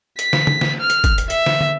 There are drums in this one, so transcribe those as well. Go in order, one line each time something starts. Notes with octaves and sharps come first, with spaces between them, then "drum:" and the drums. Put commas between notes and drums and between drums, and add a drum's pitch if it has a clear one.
B6, drum: hi-hat
drum: snare
drum: tom
drum: snare
F6
drum: hi-hat
drum: kick, hi-hat
drum: hi-hat
E5, drum: hi-hat
drum: snare
drum: tom